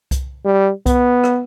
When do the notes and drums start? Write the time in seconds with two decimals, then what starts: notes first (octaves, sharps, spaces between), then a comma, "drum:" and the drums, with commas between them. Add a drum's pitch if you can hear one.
0.11 drum: kick C2, hi-hat
0.45 G3
0.86 B3, drum: kick C2, hi-hat
1.24 drum: rim click